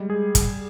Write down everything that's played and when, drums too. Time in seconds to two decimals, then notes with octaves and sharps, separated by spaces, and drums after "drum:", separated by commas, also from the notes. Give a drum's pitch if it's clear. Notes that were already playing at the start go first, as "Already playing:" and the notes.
Already playing: G3 G#3
0.10 G#4
0.35 drum: kick, hi-hat